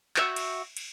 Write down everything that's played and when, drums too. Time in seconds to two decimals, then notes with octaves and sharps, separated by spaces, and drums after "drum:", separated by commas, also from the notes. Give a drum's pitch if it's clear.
0.16 F#4 E5 G5, drum: clap
0.36 drum: cymbal
0.77 drum: cymbal